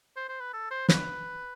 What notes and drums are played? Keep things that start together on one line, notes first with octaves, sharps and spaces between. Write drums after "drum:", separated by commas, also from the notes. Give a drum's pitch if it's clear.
C5
C5
B4
A4
C5
B4, drum: snare